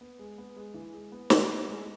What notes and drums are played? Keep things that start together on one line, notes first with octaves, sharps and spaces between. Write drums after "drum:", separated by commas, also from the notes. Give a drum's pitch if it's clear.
B3
G#3
B3
G#3
E3
G#3
B3
G#3, drum: snare
B3
G#3